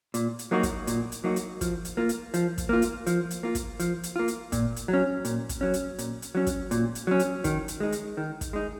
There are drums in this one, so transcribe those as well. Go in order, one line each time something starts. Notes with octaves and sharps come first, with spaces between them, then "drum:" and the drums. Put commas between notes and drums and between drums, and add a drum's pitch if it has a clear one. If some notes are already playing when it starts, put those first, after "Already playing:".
A#2, drum: hi-hat
drum: hi-hat
F#3 A#3 D#4 F#4
drum: kick, hi-hat
A#2, drum: hi-hat
drum: hi-hat
F#3 A#3 D#4 F#4
drum: hi-hat
F3, drum: kick, hi-hat
drum: hi-hat
A#3 F4
drum: hi-hat
F3, drum: hi-hat
drum: kick, hi-hat
A#3 F4
drum: hi-hat
F3, drum: hi-hat
drum: hi-hat
A#3 F4
drum: kick, hi-hat
F3, drum: hi-hat
drum: hi-hat
A#3 F4
drum: hi-hat
A#2, drum: kick, hi-hat
drum: hi-hat
F#3
C#4
A#2, drum: hi-hat
drum: kick, hi-hat
F#3 C#4
drum: hi-hat
A#2, drum: hi-hat
drum: hi-hat
F#3 C#4
drum: kick, hi-hat
A#2, drum: hi-hat
drum: hi-hat
F#3 C#4
drum: hi-hat
D#3, drum: kick, hi-hat
drum: hi-hat
G#3 D#4
drum: hi-hat
D#3
drum: kick, hi-hat
G#3 D#4